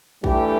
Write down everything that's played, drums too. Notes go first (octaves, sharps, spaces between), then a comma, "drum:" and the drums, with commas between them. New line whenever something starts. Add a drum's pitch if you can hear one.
G2 E3 G3 A3 G4, drum: kick